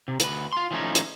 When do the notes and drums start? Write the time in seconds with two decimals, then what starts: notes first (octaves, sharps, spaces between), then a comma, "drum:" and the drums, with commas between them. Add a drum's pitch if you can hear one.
0.08 C3
0.20 D2 B4, drum: hi-hat
0.53 F4 C6
0.71 E3 F3 A3 B3 C#4 D#4
0.95 drum: hi-hat